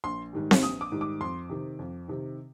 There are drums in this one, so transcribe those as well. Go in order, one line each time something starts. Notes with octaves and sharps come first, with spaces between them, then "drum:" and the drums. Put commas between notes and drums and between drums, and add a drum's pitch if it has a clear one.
A#1 C6
G#2 D#3 G3
drum: snare C4
A#1 D#6
D6
G#2 D#3 G3
D6
F2 C6
C3 D#3
F2
C3 D#3